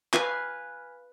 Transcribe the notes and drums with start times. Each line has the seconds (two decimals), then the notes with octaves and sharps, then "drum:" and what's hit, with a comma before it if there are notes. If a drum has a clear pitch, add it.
0.13 B4 F5 G#5, drum: clap